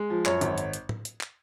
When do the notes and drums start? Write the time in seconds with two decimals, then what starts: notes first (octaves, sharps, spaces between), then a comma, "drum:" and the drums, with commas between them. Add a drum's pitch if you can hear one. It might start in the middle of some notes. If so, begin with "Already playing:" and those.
Already playing: G#3
0.10 F3
0.26 F#2 C#5, drum: clap
0.41 G#1, drum: hi-hat
0.58 drum: hi-hat
0.73 drum: hi-hat
0.89 drum: tom A2
1.05 drum: hi-hat
1.21 drum: clap